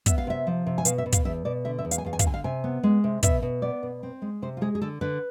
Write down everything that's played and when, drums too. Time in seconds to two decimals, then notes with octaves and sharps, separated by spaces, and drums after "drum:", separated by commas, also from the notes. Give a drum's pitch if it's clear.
0.06 B3 E5, drum: kick, hi-hat
0.18 F5
0.27 C3 E5
0.47 F3
0.66 C3
0.78 G#5
0.85 B2 F5, drum: hi-hat
0.98 E5
1.06 B2
1.13 F5, drum: kick, hi-hat
1.25 E2 E5
1.45 B2 D5
1.65 D3 E5
1.79 E5
1.85 E2
1.91 F5, drum: hi-hat
1.98 G#5
2.05 E2 F5
2.13 G#5
2.19 F5, drum: kick, hi-hat
2.24 D3 G#5
2.34 F5
2.44 C3 G#5
2.64 B3
2.83 G#3
3.04 C3
3.23 B2 E5, drum: kick, hi-hat
3.42 B2
3.62 B3 D5
3.83 B2
4.03 C4
4.22 G#3
4.42 C3 C5
4.57 F4
4.61 G#3 G#4
4.75 G#4
4.82 D3 A4
5.01 D3 B4